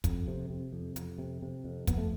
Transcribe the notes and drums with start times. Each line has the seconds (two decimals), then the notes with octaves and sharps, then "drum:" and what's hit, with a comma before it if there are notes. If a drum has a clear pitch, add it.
0.04 F2, drum: kick, hi-hat
0.28 C3
0.50 C3
0.73 F2
0.96 F2, drum: hi-hat
1.18 C3
1.42 C3
1.64 F2
1.87 F2 B3, drum: kick, hi-hat
1.97 A3